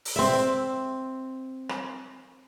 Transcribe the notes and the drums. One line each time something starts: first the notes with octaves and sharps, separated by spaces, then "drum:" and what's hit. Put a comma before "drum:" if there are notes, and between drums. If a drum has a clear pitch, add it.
drum: open hi-hat
C4 E5
drum: rim click